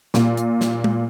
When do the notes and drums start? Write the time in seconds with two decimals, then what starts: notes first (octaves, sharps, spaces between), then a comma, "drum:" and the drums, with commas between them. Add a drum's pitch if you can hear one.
0.14 A#2, drum: snare
0.37 drum: hi-hat
0.61 drum: snare
0.84 drum: tom G#3